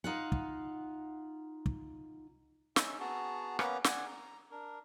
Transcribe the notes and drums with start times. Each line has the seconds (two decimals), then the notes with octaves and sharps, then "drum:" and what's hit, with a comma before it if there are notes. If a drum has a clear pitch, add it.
0.04 D#4 F4 F#5
0.32 drum: kick
1.66 drum: kick
2.76 C#4 D#4 E5, drum: snare
3.00 B3 F#4 G#4 A5 A#5
3.59 A#3 B3 C#4 B4 A#5, drum: rim click
3.84 D5 F#5 G#5, drum: snare
4.07 A#5
4.51 D4 A#4